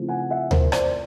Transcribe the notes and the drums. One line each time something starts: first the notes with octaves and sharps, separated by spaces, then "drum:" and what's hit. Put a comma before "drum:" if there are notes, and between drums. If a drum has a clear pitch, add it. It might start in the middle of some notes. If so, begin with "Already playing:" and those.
Already playing: C#3 F3 A3 C4 E4
F#5 G#5
E5 F#5
A#4 C5, drum: tom D2
C5 D5, drum: rim click